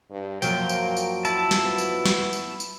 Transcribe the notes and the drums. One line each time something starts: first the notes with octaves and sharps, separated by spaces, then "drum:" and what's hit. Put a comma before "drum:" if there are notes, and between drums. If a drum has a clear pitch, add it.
G2
F#2 F3 F#3 A#3 G5, drum: tambourine
drum: tambourine
drum: tambourine
E4 A5, drum: tambourine
drum: snare
B3
drum: tambourine
drum: snare
drum: tambourine
drum: tambourine